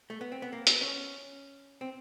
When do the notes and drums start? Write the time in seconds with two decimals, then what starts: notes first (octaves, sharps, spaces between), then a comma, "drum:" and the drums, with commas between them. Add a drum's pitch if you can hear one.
0.10 A3
0.21 B3
0.32 C4
0.42 B3
0.53 A#3
0.67 B3, drum: hi-hat
0.81 C#4
1.81 C4